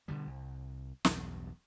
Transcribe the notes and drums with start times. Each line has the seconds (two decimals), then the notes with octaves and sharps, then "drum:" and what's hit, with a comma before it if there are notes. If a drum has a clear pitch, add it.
0.08 B2 D3 F3 G3
0.27 C2
1.05 B1 E2 G2, drum: snare